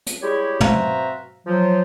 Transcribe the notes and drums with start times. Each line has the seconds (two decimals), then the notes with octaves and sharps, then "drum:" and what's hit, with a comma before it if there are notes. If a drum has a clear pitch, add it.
0.06 drum: hi-hat
0.22 G3 G#3 E4 G4 G#4 C#5
0.60 C4 F#4 B4 E5 F5 A#5, drum: tom
1.47 F3 F#3